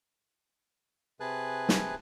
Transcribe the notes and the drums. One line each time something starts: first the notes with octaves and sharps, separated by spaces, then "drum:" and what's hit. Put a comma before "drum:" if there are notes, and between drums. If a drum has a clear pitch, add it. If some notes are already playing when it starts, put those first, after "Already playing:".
C3 G#4 B4 G#5 A5 F#6
drum: snare